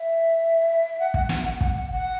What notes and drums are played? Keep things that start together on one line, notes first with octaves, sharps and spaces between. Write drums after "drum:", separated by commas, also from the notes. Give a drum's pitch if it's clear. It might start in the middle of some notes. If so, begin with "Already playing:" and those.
Already playing: E5
F#5
F#5, drum: kick
F#5, drum: snare
F#5
F#5, drum: kick
F#5
F#5